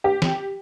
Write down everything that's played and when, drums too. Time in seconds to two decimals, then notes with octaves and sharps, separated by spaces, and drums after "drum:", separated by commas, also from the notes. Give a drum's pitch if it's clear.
0.04 G4
0.22 drum: snare